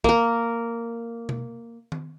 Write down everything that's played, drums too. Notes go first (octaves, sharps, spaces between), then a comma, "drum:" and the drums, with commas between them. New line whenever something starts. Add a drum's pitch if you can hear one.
A#3 A#4, drum: kick
drum: tom B2
drum: tom D#3